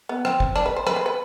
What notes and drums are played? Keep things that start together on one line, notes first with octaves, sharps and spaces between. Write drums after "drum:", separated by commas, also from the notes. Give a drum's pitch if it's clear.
B3
C4, drum: rim click
drum: kick
D4, drum: rim click
B4
C5
B4, drum: rim click
C5
B4